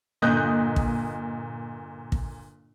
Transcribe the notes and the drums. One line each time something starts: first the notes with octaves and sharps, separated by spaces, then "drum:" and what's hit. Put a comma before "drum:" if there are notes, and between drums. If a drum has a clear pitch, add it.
G1 A#2 D#5 F#6 G6
drum: kick
drum: kick